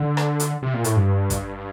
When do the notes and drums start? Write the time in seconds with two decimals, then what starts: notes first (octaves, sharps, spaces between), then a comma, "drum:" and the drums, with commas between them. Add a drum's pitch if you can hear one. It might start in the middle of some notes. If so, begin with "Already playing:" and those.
Already playing: D3
0.17 drum: rim click
0.40 drum: hi-hat
0.62 C3
0.74 A#2
0.84 A2, drum: hi-hat
0.96 G2
1.30 drum: kick, hi-hat